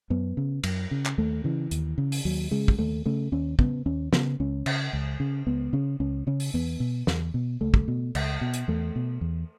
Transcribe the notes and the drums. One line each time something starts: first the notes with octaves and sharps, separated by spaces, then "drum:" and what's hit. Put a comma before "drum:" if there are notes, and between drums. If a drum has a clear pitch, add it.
F#2 B3
C#3
F#2, drum: cymbal
C#3
drum: clap
D#2 A3
C#3 E3
D#2, drum: hi-hat
C#3
drum: open hi-hat
D#2 F#3
C#3 G#3
drum: kick
D#2 A3
C#3 A3
D#2 C#4
C#3 B3, drum: kick
D#2 C#4
C#3 B3, drum: snare
C#2 C#4
C#3, drum: cymbal
C#2
C#3
C#2 B3
C#3 C#4
C#2 C#4
C#3 C#4
drum: open hi-hat
E2 B3
B2
E2, drum: snare
B2
C#2 A3
drum: kick
B2
C#2, drum: cymbal
B2
drum: hi-hat
E2 A3
B2
E2